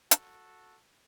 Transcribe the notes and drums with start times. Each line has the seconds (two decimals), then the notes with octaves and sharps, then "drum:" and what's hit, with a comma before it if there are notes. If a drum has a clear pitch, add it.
0.11 F#4 A4, drum: hi-hat